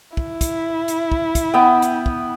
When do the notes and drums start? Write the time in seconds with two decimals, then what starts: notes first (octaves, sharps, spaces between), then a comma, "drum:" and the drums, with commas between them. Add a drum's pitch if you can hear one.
0.17 E4, drum: kick
0.41 drum: kick, hi-hat
0.88 drum: hi-hat
1.12 drum: kick
1.35 drum: kick, hi-hat
1.54 B3 G5
1.82 drum: hi-hat
2.06 drum: kick